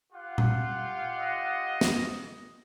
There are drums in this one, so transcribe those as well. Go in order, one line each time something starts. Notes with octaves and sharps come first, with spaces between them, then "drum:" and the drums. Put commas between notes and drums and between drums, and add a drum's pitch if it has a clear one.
F4 G4 F#5
drum: tom A#2
D#5
drum: snare